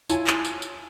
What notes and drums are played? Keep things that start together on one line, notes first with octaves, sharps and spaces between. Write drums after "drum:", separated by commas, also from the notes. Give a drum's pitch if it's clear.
E4 F4 C#5 G#5 A5, drum: tambourine
drum: clap
drum: tambourine
drum: tambourine